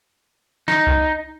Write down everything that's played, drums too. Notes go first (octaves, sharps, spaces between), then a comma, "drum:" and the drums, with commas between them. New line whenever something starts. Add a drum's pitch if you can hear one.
D#4, drum: snare
drum: kick C2